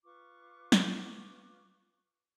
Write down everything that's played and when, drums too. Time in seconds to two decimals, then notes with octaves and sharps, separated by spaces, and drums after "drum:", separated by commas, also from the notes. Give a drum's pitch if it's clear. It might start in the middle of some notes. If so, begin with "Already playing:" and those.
0.05 F4 B4 C#6 D6
0.72 drum: snare